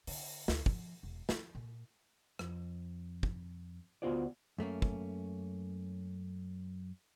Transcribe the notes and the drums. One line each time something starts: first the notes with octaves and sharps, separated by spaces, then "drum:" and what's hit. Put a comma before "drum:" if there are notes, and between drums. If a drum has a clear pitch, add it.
D3, drum: open hi-hat
D2, drum: snare
F3, drum: kick
E1
F2, drum: snare
A#2
F2, drum: rim click
drum: kick
D2 B3 F4 F#4 C5 D5
F#2 A3 A#3 C#4
drum: kick